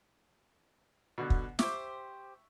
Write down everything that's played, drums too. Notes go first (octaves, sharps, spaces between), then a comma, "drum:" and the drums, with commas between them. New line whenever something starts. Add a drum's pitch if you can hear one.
B2 D3 B3
drum: kick
G4 C5 E5 C#6, drum: snare